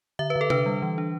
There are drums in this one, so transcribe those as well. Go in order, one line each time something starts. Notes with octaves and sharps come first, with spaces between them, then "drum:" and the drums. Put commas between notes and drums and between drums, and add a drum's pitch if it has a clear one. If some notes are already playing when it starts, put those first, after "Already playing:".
D3 E5
B4
D3
A4
D4 B4, drum: tom C3
G3
E3
D4